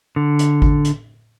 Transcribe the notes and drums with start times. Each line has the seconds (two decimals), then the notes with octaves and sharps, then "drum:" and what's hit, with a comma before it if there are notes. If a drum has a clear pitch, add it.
0.16 D3
0.39 drum: hi-hat
0.62 drum: kick G#1
0.85 drum: hi-hat